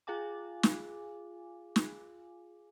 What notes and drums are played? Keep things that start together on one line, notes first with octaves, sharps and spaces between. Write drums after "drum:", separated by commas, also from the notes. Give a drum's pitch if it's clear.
F4 G#4 F5 G#5 D6
drum: snare
drum: snare